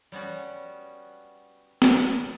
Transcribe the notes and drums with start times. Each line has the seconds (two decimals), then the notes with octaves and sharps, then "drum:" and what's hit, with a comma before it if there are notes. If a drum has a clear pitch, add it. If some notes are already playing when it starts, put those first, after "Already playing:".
0.12 G3 B3 C#4 F#4
1.82 drum: snare